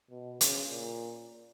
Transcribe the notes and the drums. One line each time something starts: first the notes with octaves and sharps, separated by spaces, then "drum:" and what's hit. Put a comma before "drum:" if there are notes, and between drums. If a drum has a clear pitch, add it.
B2
C#3, drum: hi-hat
A#2